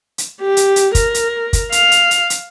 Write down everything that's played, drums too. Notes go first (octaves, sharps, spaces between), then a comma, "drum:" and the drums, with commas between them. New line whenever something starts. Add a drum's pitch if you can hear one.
drum: hi-hat
G4
drum: hi-hat
drum: hi-hat
A#4, drum: kick, hi-hat
drum: hi-hat
drum: kick, hi-hat
F5, drum: hi-hat
drum: hi-hat
drum: hi-hat
drum: hi-hat